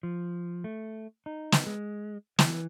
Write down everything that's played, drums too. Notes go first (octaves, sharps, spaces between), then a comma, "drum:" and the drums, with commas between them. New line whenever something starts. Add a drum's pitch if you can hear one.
F3
A3
D#4
drum: snare
G#3
E3, drum: snare